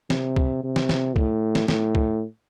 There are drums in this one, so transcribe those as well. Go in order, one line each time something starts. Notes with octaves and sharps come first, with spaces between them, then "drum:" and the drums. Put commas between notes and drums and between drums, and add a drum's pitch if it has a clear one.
C3, drum: snare
drum: kick
C3
drum: snare
drum: snare
A2, drum: kick
drum: snare
A2, drum: snare
drum: kick